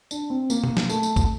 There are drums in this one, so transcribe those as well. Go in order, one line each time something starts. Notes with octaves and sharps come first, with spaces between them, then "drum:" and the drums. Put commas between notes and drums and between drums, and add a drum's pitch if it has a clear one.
D4, drum: tambourine
C4
A#3, drum: tambourine
drum: tom B2
drum: snare
A3, drum: tambourine
drum: tambourine
drum: kick, tambourine